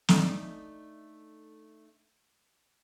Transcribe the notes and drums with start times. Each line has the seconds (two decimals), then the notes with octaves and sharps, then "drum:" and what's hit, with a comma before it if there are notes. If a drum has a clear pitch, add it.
0.09 A3 D4 D#4, drum: snare